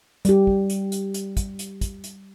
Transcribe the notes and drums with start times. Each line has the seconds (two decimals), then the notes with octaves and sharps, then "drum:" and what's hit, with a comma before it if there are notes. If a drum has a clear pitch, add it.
0.25 G3 G4, drum: hi-hat
0.47 drum: kick
0.70 drum: hi-hat
0.92 drum: hi-hat
1.14 drum: hi-hat
1.37 drum: kick, hi-hat
1.59 drum: hi-hat
1.81 drum: kick, hi-hat
2.04 drum: hi-hat